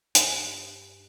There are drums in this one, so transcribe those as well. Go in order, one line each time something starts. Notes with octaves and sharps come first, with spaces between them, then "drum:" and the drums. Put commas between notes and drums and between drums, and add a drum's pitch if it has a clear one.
G2, drum: hi-hat